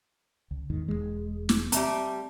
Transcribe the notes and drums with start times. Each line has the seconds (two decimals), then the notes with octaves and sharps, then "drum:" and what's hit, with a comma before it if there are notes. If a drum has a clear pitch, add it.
0.51 C#2
0.70 E2 G#2 D#3
0.88 E1 C#2 G#3
1.49 drum: snare
1.72 G3 A3 C4 A#5, drum: hi-hat